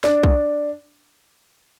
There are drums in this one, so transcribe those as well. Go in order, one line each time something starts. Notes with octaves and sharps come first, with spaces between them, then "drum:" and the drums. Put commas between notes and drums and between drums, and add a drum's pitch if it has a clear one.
D4, drum: snare
drum: kick B1